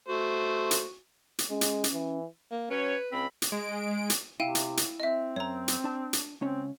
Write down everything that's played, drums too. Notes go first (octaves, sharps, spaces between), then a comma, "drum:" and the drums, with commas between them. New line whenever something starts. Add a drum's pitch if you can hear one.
A3 F#4 C5
drum: hi-hat
drum: hi-hat
G#3 C#4
drum: hi-hat
drum: hi-hat
E3
A#3
F#3 C#4 B4 C#5
C#2 C4 B5
drum: hi-hat
G#3 D7
drum: hi-hat
C3 E4 F5 G5 D#7
drum: hi-hat
drum: hi-hat
C4 D#5 E5
F#2 C#5 A#5
drum: hi-hat
D4 A5
drum: hi-hat
C#2 C4 C#4 C#5